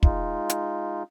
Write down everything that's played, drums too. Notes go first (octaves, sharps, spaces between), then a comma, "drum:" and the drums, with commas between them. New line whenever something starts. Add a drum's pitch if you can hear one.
G#3 D#4 F4, drum: kick
drum: hi-hat